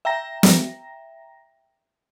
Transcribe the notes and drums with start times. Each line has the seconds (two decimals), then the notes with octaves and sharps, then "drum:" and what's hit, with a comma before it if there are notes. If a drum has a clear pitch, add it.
0.05 E5 G5 A#5 A#6
0.43 drum: snare